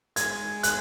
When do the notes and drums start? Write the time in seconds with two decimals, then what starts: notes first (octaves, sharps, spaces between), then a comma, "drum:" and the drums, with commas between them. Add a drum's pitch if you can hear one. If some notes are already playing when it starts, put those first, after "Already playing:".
0.16 G#3 G#6, drum: hi-hat
0.63 F#6, drum: hi-hat